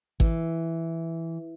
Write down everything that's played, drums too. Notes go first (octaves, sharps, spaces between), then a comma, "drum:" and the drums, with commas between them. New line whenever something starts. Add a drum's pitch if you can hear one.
E3, drum: kick